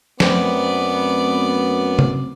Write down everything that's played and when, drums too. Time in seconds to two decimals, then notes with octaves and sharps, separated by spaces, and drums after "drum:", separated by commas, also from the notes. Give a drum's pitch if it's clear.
0.20 F#2 A3 B3 C4 D5, drum: snare
1.99 drum: tom C3